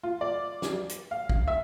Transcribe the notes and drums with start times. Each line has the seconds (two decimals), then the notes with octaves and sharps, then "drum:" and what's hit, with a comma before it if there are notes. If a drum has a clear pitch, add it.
0.03 F4
0.21 D5
0.62 drum: snare
0.89 drum: hi-hat
1.11 F5
1.29 drum: kick A1
1.48 E5